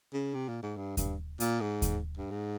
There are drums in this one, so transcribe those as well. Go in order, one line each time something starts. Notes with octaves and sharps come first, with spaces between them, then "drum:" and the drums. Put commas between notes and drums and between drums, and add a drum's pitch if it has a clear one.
C#3
C3
A#2
G#2
G2
G2, drum: kick D#2, hi-hat
A#2, drum: hi-hat
G#2
drum: kick D#2, hi-hat
G2
G#2